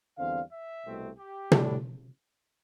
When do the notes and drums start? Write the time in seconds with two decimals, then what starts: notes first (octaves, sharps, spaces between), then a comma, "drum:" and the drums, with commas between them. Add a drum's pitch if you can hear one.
0.18 E2 D3 G3 C4 F5
0.52 E5
0.85 C2 B2 A3 C4
1.18 G4
1.52 A2 G3 D4, drum: tom